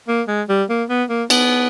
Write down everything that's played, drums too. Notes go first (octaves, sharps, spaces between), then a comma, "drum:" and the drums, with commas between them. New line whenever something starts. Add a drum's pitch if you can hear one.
A#3
G#3
G3
A#3
B3
A#3
B3, drum: cymbal